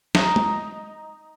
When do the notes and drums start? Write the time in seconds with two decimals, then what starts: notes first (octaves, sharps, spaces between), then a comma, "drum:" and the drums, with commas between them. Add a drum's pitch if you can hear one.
0.15 D#4, drum: snare
0.36 drum: tom G#3